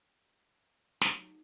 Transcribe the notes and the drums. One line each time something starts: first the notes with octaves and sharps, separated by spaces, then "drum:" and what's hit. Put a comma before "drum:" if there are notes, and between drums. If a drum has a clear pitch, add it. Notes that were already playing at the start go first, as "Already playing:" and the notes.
F#3 A3 D#4 G4, drum: snare